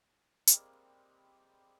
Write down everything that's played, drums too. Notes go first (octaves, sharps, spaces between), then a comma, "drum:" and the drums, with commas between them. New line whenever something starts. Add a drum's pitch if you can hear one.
G3 G#3 A#3 C4, drum: hi-hat